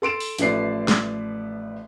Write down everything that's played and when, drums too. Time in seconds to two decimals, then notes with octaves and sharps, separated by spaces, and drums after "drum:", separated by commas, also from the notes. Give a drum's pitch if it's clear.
0.02 A4 C6 D7 E7
0.20 drum: open hi-hat
0.38 A1 F3 A3 B4 D5 C7, drum: hi-hat
0.88 drum: snare